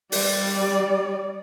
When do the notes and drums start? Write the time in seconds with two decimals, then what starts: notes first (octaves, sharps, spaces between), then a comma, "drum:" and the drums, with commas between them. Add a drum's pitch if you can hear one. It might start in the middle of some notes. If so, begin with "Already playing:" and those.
0.12 G3 D5, drum: open hi-hat